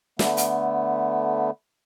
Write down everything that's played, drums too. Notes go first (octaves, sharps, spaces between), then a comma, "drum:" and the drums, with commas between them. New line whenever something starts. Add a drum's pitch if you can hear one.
D3 A3 B3, drum: snare
drum: hi-hat